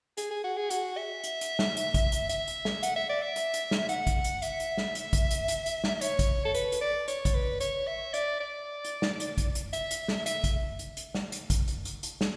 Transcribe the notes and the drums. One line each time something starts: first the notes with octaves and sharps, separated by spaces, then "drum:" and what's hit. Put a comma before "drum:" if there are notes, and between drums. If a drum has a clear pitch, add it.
G#4, drum: hi-hat
G#4
F#4
G#4
F#4, drum: hi-hat
E5
drum: hi-hat
drum: hi-hat
drum: snare
drum: hi-hat
drum: kick, hi-hat
drum: hi-hat
E5, drum: hi-hat
drum: hi-hat
drum: snare
F#5, drum: hi-hat
E5
D5
E5
drum: hi-hat
drum: hi-hat
drum: snare
F#5, drum: hi-hat
drum: kick, hi-hat
drum: hi-hat
E5, drum: hi-hat
drum: hi-hat
drum: snare
drum: hi-hat
drum: kick, hi-hat
drum: hi-hat
drum: hi-hat
drum: hi-hat
drum: snare
C#5, drum: hi-hat
drum: kick, hi-hat
A4
B4, drum: hi-hat
drum: hi-hat
D5
C#5, drum: hi-hat
drum: kick, hi-hat
B4
C#5, drum: hi-hat
E5
D5, drum: hi-hat
D5
drum: hi-hat
drum: snare
drum: hi-hat
drum: kick, hi-hat
drum: hi-hat
E5, drum: hi-hat
drum: hi-hat
drum: snare
E5, drum: hi-hat
drum: kick, hi-hat
drum: hi-hat
drum: hi-hat
drum: snare
drum: hi-hat
drum: kick, hi-hat
drum: hi-hat
drum: hi-hat
drum: hi-hat
drum: snare